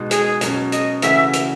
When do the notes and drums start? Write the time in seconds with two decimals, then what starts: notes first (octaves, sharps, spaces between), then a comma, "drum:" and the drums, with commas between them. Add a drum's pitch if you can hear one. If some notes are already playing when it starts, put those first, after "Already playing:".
Already playing: B2 G#3 D#4
0.11 G#4, drum: hi-hat
0.41 B2 F#3 C#4, drum: hi-hat
0.72 D#5, drum: hi-hat
1.02 C#3 E3 A3 C#4 F#4 E5, drum: hi-hat
1.33 drum: hi-hat